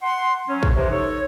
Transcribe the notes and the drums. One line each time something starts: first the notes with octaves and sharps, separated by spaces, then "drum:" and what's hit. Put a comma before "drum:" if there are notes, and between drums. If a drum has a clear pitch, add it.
F#5 C6
F#3 C#4
drum: kick
C3 E3 G#3 C5
D#4 A4 C#5